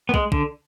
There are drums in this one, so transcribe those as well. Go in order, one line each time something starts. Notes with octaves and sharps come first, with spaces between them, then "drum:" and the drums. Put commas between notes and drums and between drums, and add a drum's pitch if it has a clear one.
B3
G#3, drum: kick
D3, drum: kick